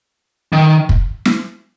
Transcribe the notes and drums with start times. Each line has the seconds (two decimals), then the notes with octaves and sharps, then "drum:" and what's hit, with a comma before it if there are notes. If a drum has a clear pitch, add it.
0.53 D#3
0.89 drum: kick
1.25 drum: snare